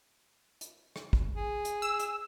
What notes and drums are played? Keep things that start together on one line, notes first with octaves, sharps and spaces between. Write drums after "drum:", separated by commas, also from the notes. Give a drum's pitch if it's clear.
drum: hi-hat
drum: rim click
drum: kick
G#4
drum: hi-hat
E6
drum: hi-hat